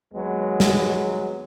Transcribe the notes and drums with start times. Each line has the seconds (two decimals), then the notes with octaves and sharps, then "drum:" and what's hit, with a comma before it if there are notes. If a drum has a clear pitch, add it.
0.14 D#2 F#3 G#3 B3
0.60 drum: snare